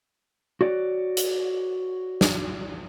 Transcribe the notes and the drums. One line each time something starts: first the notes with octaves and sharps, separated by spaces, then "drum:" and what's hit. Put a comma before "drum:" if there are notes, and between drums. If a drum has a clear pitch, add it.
F#4 C#5 D5
drum: hi-hat
drum: snare